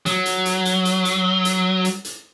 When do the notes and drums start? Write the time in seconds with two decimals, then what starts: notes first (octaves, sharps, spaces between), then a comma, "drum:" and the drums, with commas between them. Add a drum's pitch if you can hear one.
0.06 F#3, drum: hi-hat
0.26 drum: hi-hat
0.45 drum: hi-hat
0.65 drum: hi-hat
0.85 drum: hi-hat
1.05 drum: hi-hat
1.45 drum: hi-hat
1.85 drum: hi-hat
2.05 drum: hi-hat